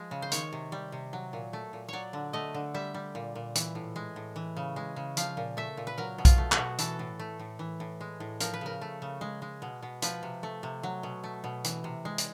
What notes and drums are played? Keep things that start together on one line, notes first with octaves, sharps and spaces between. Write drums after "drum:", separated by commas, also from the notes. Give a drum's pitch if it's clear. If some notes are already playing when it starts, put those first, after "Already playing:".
Already playing: F3 G#3
C#3
C5
D#3 C#5, drum: hi-hat
C3
G3
C3
F#3
A#2
A3
A#2
F#3 C#5 D5
D3
A3 D#5
D3
G3 E5
G3
A#2
A#2
E3, drum: hi-hat
A2
G#3
A2
E3
C#3
G#3
C#3
F3 F5, drum: hi-hat
A#2
A3 E5
A#2
B4
F#3 A#4
B2
F4, drum: kick B1, hi-hat
A3
F#4, drum: clap
B2
E3 A4, drum: hi-hat
A2
A3
A2
E3
A2
G#3
A2
F3 A#4, drum: hi-hat
B4
C#3 A#4
A3
C#3
G#3
G#3
B2
B2
F3 B4, drum: hi-hat
C3
A3
C3
F#3
B2
A3
B2
E3, drum: hi-hat
C3
G#3
drum: hi-hat